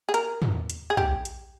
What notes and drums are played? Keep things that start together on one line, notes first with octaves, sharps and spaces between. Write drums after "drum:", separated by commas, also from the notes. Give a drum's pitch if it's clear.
G#4
A#4, drum: hi-hat
drum: tom
drum: hi-hat
G#4
G4, drum: tom
drum: hi-hat